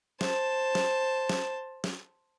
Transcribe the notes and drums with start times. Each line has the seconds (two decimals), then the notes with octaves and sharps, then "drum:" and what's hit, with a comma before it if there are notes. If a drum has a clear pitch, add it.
0.21 C5 A5, drum: snare
0.75 drum: snare
1.29 drum: snare
1.84 drum: snare